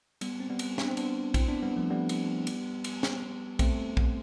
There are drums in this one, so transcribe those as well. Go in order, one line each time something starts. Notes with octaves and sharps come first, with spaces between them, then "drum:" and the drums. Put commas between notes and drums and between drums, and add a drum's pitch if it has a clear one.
G3 B3, drum: cymbal
C4
G3 B3
drum: cymbal
D4, drum: snare
C4
B3 D4, drum: cymbal
C4 E4, drum: kick A#1, cymbal
B3 D4
G3 B3
F3 A3
G3 B3
drum: cymbal
drum: cymbal
drum: cymbal
drum: snare
A3 C4, drum: kick A#1, cymbal
drum: kick A#1